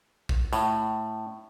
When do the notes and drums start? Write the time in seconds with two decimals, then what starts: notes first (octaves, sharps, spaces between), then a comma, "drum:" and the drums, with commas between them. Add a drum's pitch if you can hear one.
0.29 drum: kick A#1
0.53 A2, drum: tambourine